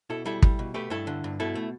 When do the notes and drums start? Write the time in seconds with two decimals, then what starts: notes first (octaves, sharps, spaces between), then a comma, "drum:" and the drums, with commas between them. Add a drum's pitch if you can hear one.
0.10 B2 E4 A4
0.25 G3 E4 A4
0.42 G3, drum: kick
0.59 B2
0.74 A3 G4 B4
0.90 G2 E4 A4
1.07 D3
1.24 G2
1.40 B2 E4 A4
1.55 A3